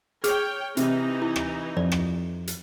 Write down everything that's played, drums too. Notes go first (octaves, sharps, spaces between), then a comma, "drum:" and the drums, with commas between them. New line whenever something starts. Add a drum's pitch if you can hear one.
G#4 C#5 G5 F6, drum: hi-hat
C3 E3 D#4, drum: hi-hat
E4
drum: rim click
F2 D5
drum: rim click
drum: hi-hat